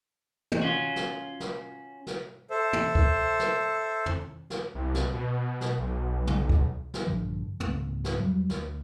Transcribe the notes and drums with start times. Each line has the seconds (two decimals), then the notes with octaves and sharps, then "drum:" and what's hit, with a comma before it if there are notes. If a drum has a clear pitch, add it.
0.52 drum: tom
0.61 C#4 F4 F#4
0.96 drum: snare
1.40 drum: snare
2.07 drum: snare
2.50 A4 C5 E5
2.73 drum: tom
2.95 drum: kick C#2
3.40 drum: snare
4.06 drum: tom
4.50 drum: snare
4.75 C2
4.94 drum: snare
5.13 B2
5.61 drum: snare
5.78 B1
6.27 drum: tom
6.49 drum: kick C#2
6.94 drum: snare
7.07 A#1 G2 D3 F3
7.60 C#2 G#2 A#3 C4, drum: tom
8.04 drum: snare
8.20 E2 F#3 G3
8.50 D2, drum: snare